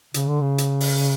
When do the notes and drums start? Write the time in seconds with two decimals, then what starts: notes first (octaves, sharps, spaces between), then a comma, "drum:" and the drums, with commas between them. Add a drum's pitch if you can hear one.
0.14 C#3, drum: hi-hat
0.27 D3
0.41 C#3
0.58 drum: hi-hat
0.80 drum: open hi-hat